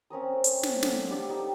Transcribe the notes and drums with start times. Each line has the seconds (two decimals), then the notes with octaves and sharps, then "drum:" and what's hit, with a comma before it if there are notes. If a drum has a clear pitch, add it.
0.10 C4 C#4 A#4 D#6
0.33 A3
0.44 drum: hi-hat
0.63 drum: snare
0.83 D4 A4 F5 F#5, drum: snare
1.11 G3 D4 A4 A5
1.30 G3 D#4 G5